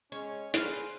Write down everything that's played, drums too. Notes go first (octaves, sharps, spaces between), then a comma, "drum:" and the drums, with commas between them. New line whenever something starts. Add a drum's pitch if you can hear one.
G#3 C#4 C#5
G#4 B4 C5 D5 F5, drum: hi-hat